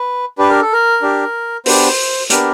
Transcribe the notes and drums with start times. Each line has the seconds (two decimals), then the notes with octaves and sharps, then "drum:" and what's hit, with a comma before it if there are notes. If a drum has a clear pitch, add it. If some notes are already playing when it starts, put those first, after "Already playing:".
Already playing: B4
0.38 D4 G4 B4
0.50 A#4
0.62 A4
0.73 A#4
1.02 D4 G4
1.66 B3 D4 G4 C5, drum: open hi-hat
2.30 B3 D4 G4 A#4, drum: hi-hat